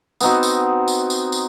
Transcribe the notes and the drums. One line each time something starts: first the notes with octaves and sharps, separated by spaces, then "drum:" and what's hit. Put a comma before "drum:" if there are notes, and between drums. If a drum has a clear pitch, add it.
B3 C4 D#4 F#4, drum: tambourine
drum: tambourine
drum: tambourine
drum: tambourine
drum: tambourine